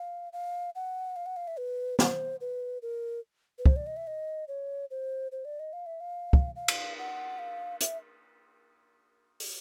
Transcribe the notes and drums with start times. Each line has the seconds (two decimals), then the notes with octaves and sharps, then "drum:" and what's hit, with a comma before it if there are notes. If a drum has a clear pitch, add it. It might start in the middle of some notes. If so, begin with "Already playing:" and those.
Already playing: F5
0.33 F5
0.75 F#5
1.16 F5
1.26 F#5
1.36 F5
1.48 E5
1.58 B4
1.99 C5, drum: snare
2.41 B4
2.82 A#4
3.58 B4
3.66 C5, drum: kick
3.76 D5
3.86 D#5
3.97 E5
4.07 D#5
4.48 C#5
4.91 C5
5.32 C5
5.45 D5
5.59 D#5
5.73 F5
5.86 E5
6.01 F5
6.33 drum: kick
6.56 F5
6.68 drum: cymbal
6.98 F#5
7.39 F5
7.81 E5, drum: hi-hat
9.40 drum: open hi-hat